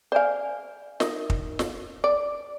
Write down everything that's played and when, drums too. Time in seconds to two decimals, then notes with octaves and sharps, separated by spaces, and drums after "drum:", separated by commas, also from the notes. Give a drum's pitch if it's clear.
0.12 C5 D5 F5 G#5
1.00 D#4 A#4 E5, drum: snare
1.30 drum: kick
1.59 drum: snare
2.04 D5